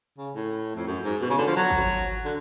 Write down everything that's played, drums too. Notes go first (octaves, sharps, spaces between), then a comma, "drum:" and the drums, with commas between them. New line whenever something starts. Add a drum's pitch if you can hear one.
C#3
A2
F2
F#2
G#2
B2
C#3
D3
F3
F#3
drum: kick
D3